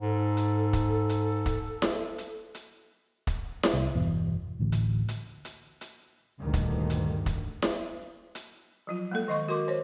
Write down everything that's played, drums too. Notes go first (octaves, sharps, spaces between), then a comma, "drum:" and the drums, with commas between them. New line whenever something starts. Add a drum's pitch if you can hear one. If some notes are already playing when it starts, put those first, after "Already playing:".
G#2 A4
drum: hi-hat
drum: kick, hi-hat
drum: hi-hat
drum: kick, hi-hat
drum: snare E4
drum: hi-hat
drum: hi-hat
drum: kick, hi-hat
drum: snare E4
C2
G1 E2 B2
D1 A1 D2
drum: hi-hat
drum: hi-hat
drum: hi-hat
drum: hi-hat
D2 G2 A#2 D3 D#3
drum: kick, hi-hat
drum: hi-hat
drum: kick, hi-hat
drum: snare E4
drum: hi-hat
F3 F#3 F4
G#3 A#3 A4
D#3 D#5 C6 C#6
F#4 A#4 C6 D6
C5 C#5